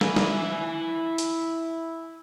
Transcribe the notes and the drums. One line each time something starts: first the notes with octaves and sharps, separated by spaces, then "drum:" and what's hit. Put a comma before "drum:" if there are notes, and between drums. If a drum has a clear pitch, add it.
E4 G#5, drum: snare
drum: snare
drum: hi-hat